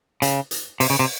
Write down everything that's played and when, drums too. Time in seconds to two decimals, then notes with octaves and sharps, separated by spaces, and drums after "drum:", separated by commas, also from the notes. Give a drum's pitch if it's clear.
0.22 C#3, drum: hi-hat
0.51 drum: hi-hat
0.80 C3, drum: open hi-hat
0.90 C#3
0.99 C3